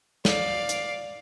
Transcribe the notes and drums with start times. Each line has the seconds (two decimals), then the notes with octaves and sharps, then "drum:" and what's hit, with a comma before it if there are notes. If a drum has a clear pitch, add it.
0.25 D5 F5, drum: snare
0.69 drum: hi-hat